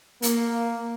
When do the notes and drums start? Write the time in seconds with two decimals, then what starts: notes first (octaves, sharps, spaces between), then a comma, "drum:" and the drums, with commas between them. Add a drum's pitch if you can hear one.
0.22 A#3, drum: hi-hat